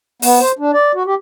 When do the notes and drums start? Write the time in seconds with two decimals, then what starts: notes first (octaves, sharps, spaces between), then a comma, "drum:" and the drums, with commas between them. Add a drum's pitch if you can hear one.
0.22 B3, drum: open hi-hat
0.40 C5
0.59 D4
0.73 D5
0.95 F#4
1.06 G4